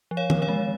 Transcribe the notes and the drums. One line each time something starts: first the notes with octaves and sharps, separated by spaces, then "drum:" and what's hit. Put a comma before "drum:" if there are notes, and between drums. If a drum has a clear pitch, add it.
F3
C#5 F5
F3, drum: tom D#3
C#5 F5
G#3